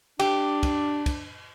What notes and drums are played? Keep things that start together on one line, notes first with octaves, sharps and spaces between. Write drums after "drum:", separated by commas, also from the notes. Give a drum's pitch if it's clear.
D4 G4, drum: cymbal
drum: kick, cymbal
drum: kick, cymbal